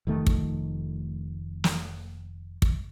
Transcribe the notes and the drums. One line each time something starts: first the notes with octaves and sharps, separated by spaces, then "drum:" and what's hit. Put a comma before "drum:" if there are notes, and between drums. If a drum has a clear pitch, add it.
F1 D#3 A3
drum: kick
drum: snare
drum: kick